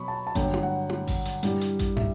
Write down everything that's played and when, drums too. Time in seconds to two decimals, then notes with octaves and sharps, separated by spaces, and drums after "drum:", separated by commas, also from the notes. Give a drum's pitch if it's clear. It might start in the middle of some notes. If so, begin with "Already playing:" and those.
Already playing: B2 F#3 B5 C#6
0.08 A5
0.27 A5
0.35 G2 D3 F#3 G5, drum: kick G#1, hi-hat
0.54 drum: tom E4
0.63 F#5
0.89 drum: tom E4
1.07 drum: kick G#1, open hi-hat
1.25 drum: hi-hat
1.43 G2 E3 G3, drum: hi-hat
1.61 drum: hi-hat
1.79 drum: kick G#1, hi-hat
1.97 E5, drum: tom